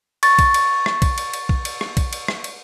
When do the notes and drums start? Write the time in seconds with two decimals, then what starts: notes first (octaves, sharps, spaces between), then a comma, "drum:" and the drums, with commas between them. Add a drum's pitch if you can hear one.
0.23 C#6 A6, drum: cymbal
0.39 drum: kick, cymbal
0.54 drum: cymbal
0.86 drum: rim click
1.02 drum: kick, cymbal
1.18 drum: cymbal
1.34 drum: cymbal
1.49 drum: kick
1.65 drum: cymbal
1.81 drum: rim click
1.97 drum: kick, cymbal
2.13 drum: cymbal
2.28 drum: rim click
2.44 drum: cymbal